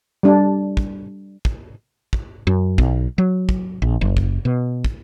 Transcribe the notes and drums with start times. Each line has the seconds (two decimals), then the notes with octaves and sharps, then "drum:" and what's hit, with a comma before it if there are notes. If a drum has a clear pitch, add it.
0.23 G3 D4
0.77 drum: kick
1.45 drum: kick
2.13 drum: kick
2.47 F#2
2.78 B1, drum: kick
3.18 F#3
3.49 drum: kick
3.82 A#1
4.01 F#1
4.17 drum: kick
4.45 B2
4.85 drum: kick